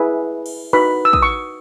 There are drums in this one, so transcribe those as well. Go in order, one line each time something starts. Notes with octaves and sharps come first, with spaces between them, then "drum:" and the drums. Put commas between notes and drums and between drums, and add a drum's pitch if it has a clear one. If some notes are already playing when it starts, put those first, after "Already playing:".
Already playing: E4 G#4 B4
drum: cymbal
D#4 F#4 B4 B5
E6
D#6, drum: kick
C#6